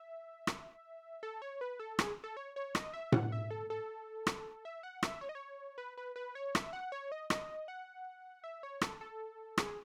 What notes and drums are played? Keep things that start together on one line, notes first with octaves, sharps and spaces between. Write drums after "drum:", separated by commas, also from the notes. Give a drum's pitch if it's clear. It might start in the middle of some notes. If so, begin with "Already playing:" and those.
Already playing: E5
drum: rim click
A4
C#5
B4
A4
G#4, drum: rim click
A4
C#5
C#5
D#5, drum: rim click
E5
F#5, drum: tom A2
E5
A4
A4
drum: rim click
E5
F#5
E5, drum: rim click
C#5
D#5
C#5
B4
B4
B4
C#5
E5, drum: rim click
F#5
C#5
D#5
D#5, drum: rim click
F#5
E5
C#5
A4, drum: rim click
A4
G#4, drum: rim click